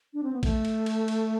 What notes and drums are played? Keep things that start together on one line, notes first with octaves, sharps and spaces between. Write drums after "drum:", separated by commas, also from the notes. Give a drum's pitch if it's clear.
D4
C4
B3
A3, drum: kick A1, cymbal
drum: cymbal
drum: cymbal
drum: cymbal